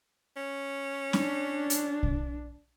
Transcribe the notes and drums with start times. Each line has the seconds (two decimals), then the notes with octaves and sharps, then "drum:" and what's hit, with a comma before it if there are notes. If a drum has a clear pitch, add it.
0.36 C#4
1.13 D4, drum: snare C#4
1.70 drum: hi-hat
2.03 drum: kick